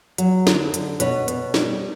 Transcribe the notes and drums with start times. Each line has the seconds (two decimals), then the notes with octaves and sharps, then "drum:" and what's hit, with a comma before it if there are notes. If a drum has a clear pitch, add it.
0.18 F#3, drum: hi-hat
0.47 D3, drum: snare
0.74 D3, drum: hi-hat
1.00 B2 B4 C#5, drum: hi-hat
1.28 B2, drum: hi-hat
1.54 G3, drum: snare